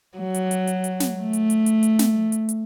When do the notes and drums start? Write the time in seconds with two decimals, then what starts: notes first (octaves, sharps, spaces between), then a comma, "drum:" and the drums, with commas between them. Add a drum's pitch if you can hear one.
0.18 F#3
0.34 drum: hi-hat
0.51 drum: hi-hat
0.67 drum: hi-hat
0.84 drum: hi-hat
1.00 drum: snare
1.21 A3
1.33 drum: hi-hat
1.50 drum: hi-hat
1.66 drum: hi-hat
1.83 drum: hi-hat
1.99 drum: snare
2.32 drum: hi-hat
2.49 drum: hi-hat